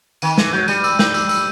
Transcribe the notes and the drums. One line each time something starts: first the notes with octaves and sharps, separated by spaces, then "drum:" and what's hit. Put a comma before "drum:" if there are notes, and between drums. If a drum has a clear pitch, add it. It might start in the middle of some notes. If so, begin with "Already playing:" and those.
D#3 D#7, drum: tambourine
E3 D#7, drum: snare
F#3 G6
G3 D#7, drum: tambourine
E6, drum: tambourine
G6, drum: snare
E6, drum: tambourine
E6, drum: tambourine